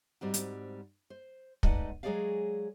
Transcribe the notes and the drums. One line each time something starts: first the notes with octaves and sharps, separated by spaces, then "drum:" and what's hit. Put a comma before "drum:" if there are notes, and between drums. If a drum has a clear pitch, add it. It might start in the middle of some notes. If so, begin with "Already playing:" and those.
G#2 G3 C4 F#4
drum: hi-hat
C5
G#3 A3 D#4 B4 D5 F#5, drum: kick
F#3 G#3 G#4 C#5 D5 F5